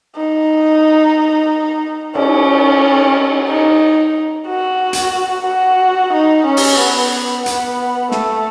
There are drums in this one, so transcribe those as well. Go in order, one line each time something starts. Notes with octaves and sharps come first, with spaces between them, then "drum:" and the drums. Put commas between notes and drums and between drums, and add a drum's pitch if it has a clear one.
D#4
C#4, drum: cymbal
D#4
F#4
drum: hi-hat
F#4
D#4
C#4
drum: open hi-hat
B3
B3, drum: hi-hat
A3, drum: snare